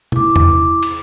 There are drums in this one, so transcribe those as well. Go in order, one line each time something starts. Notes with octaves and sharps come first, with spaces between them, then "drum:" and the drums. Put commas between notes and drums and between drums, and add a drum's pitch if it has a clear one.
E4 D6, drum: tom B2
drum: tom E2
drum: cymbal